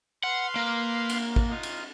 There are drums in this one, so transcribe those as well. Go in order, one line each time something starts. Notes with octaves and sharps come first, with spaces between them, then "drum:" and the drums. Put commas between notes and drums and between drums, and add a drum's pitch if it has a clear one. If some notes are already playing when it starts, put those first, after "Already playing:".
B4 F5 F#5 C6
A#3
drum: cymbal
drum: kick A1
D#4 F4
drum: cymbal